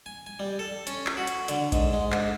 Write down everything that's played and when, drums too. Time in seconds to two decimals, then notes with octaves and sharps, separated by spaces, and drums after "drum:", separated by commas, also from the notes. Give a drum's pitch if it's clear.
0.06 G#5
0.26 G#5
0.40 G3
0.59 A4
0.87 C#4, drum: hi-hat
1.06 drum: clap
1.17 F#4
1.27 drum: hi-hat
1.48 D3, drum: hi-hat
1.72 G#2, drum: kick A#1, hi-hat
1.93 G#3
2.12 G#2, drum: clap